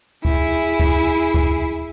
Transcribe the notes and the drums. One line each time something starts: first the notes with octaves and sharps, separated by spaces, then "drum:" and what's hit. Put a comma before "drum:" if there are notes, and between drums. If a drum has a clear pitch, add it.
E4 G#4, drum: kick C#2
drum: kick C#2
drum: kick C#2